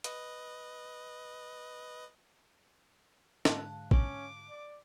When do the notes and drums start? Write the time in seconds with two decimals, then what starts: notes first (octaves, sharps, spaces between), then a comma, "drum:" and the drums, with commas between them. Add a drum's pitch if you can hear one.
0.04 B4 D#5, drum: hi-hat
3.45 G#2 D3 F5 A5 F#6, drum: snare
3.91 C#4 D6, drum: kick
4.49 D5